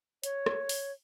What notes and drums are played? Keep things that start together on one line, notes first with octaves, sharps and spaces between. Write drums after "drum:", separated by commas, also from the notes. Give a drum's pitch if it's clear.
C#5, drum: hi-hat
drum: rim click
drum: open hi-hat